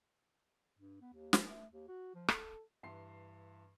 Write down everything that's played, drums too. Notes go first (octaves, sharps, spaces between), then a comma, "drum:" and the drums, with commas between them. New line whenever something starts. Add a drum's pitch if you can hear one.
G2
B3
D#2
drum: snare
A3
D#2
F#4
F3
A4, drum: rim click
G2 E3 E5 C6 C7